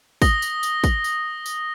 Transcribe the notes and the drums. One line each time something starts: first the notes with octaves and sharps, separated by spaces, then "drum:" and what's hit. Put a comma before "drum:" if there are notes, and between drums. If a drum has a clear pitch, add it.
D#6 A#6 G7, drum: kick, tambourine
drum: tambourine
drum: tambourine
drum: kick, tambourine
drum: tambourine
drum: tambourine